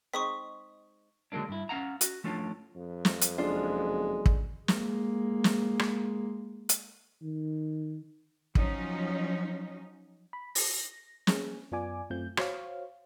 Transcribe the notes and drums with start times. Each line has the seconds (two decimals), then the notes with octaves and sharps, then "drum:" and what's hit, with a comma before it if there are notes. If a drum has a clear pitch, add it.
0.14 G#3 C4 D#4 C#6 D#6 B6
1.32 D3 F#3 G#3 A#3 D4
1.49 G2 E4
1.69 C#4 F5 F#5 A#5
2.01 F#4, drum: hi-hat
2.24 F3 A3 C#4 D4 F4
2.76 F2
3.05 drum: snare
3.21 drum: hi-hat
3.38 F#1 G#3 D4 F4
4.26 drum: kick
4.68 G#3 A#3, drum: snare
5.44 drum: snare
5.79 drum: rim click
6.69 drum: hi-hat
7.22 D#3
8.55 F3 F#3 C#4 D#4, drum: kick
10.33 B5
10.55 A#6, drum: open hi-hat
11.27 A#3 C#4 G#4, drum: snare
11.72 F#2 B3 F4 D5 G#5 D6
12.10 F#2 A3 C4 F4 G6
12.37 F#4 C5 C#5 F5, drum: rim click